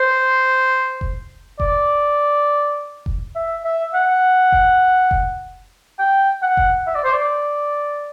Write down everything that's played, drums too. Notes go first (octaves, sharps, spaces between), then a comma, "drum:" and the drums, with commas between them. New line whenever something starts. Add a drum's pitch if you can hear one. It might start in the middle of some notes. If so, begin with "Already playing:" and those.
Already playing: C5
drum: kick F1
D5, drum: kick F1
drum: kick F1
E5
E5
F#5
drum: kick F1
drum: kick F1
G5
F#5
drum: kick F1
E5
D5
C5
D5